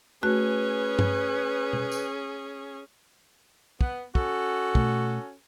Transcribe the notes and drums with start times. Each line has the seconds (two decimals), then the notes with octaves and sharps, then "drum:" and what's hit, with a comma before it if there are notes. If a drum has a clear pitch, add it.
0.23 A3 C#4 F#4 G#4 B4 F#6
0.99 drum: tom G2
1.73 drum: tom B2
1.92 drum: tambourine
3.81 B3, drum: kick
4.15 C#4 F#4 A4, drum: kick
4.75 B2 A3, drum: kick